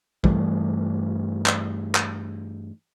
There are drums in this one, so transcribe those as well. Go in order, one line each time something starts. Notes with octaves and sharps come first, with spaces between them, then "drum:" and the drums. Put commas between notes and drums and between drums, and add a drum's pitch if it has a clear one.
G2 E3 G3 A3, drum: kick
drum: clap
drum: clap